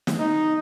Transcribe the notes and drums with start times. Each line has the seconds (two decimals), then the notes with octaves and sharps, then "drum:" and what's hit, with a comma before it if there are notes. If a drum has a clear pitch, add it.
0.07 drum: snare
0.19 D#4